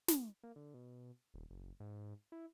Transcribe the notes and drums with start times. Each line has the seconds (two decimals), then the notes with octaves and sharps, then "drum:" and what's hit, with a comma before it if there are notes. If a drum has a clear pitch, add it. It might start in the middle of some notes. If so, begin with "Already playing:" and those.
0.08 drum: snare
0.43 A#3
0.56 D3
0.74 B2
1.34 D#1
1.51 F#1
1.80 G#2
2.32 E4